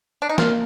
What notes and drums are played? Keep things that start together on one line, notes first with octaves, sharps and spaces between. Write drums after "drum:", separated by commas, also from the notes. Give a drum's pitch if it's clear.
D4
D#4
A#3 F4, drum: snare